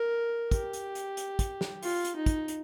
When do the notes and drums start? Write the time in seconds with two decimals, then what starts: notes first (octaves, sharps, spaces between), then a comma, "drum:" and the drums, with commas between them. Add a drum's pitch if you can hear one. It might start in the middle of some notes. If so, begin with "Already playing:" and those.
Already playing: A#4
0.51 G4, drum: kick, hi-hat
0.73 drum: hi-hat
0.95 drum: hi-hat
1.17 drum: hi-hat
1.39 drum: kick, hi-hat
1.61 drum: snare
1.83 F4, drum: open hi-hat
2.05 drum: hi-hat
2.16 D#4
2.26 drum: kick, hi-hat
2.48 drum: hi-hat